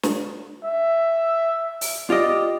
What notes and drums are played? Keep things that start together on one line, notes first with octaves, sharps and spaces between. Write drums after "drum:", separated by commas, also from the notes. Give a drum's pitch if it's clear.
drum: snare
E5
drum: open hi-hat
F4 G4 D5 D#5